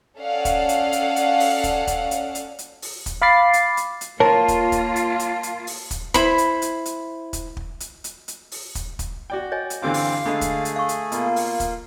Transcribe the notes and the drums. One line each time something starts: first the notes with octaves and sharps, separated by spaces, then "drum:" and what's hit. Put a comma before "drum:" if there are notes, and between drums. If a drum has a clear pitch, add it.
C#4 A4 D5 F5 F#5
drum: kick, hi-hat
drum: hi-hat
drum: hi-hat
drum: hi-hat
drum: open hi-hat
drum: kick, hi-hat
drum: kick, hi-hat
drum: hi-hat
drum: hi-hat
drum: hi-hat
drum: open hi-hat
drum: kick, hi-hat
F5 B5 D6 A6 C7
drum: hi-hat
drum: hi-hat
drum: hi-hat
A#3 F4 A#4 C#5 A5
drum: kick, hi-hat
drum: kick, hi-hat
drum: hi-hat
drum: hi-hat
drum: hi-hat
drum: open hi-hat
drum: kick, hi-hat
E4 C5 B5, drum: kick, hi-hat
drum: hi-hat
drum: hi-hat
drum: hi-hat
drum: kick, hi-hat
drum: kick
drum: hi-hat
drum: hi-hat
drum: hi-hat
drum: open hi-hat
drum: kick, hi-hat
drum: kick, hi-hat
F#4 D5 G5
C#5 D#5 G#5
drum: hi-hat
G2 D3 E3 C4 C5 F5 D6
drum: open hi-hat
D3 G#3 A3 G#4 B5
drum: kick, hi-hat
drum: hi-hat
F5 C#6
drum: hi-hat
B2 A#3 F4, drum: hi-hat
drum: open hi-hat
drum: kick, hi-hat